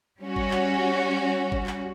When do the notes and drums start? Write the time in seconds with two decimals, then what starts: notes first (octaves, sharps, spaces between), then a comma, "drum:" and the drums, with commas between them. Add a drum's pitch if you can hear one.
0.22 G3 C#4 F#4
0.36 drum: kick G1
0.51 drum: clap
1.52 drum: kick G1
1.66 drum: clap